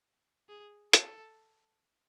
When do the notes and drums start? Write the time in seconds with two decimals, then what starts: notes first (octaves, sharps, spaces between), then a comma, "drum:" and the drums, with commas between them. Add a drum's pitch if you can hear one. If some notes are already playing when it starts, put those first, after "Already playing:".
0.49 G#4
0.93 A4, drum: hi-hat